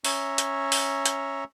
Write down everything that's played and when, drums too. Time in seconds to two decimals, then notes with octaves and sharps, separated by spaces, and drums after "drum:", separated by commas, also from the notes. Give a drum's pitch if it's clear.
0.05 C#4 C#5 E5 A#5, drum: open hi-hat
0.38 drum: hi-hat
0.72 drum: open hi-hat
1.06 drum: hi-hat